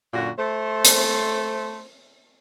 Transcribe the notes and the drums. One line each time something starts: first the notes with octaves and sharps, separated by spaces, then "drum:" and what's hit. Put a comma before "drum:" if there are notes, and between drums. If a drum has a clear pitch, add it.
F#2 A#2 D3 F#4
A3 C5
drum: hi-hat